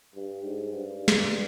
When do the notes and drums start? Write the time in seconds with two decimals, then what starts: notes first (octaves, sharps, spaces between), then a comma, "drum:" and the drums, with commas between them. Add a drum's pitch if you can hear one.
0.15 G2
0.44 G#2
0.74 G2
1.08 drum: snare